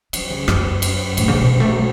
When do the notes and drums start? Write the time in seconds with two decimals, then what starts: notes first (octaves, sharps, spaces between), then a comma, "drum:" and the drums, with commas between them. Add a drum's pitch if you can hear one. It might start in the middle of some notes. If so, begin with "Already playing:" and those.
0.13 F#3, drum: cymbal
0.30 C#3
0.48 F#2, drum: rim click
0.82 drum: cymbal
1.17 A2, drum: cymbal
1.28 C#3
1.34 B2
1.51 F#3
1.60 A3
1.69 F#3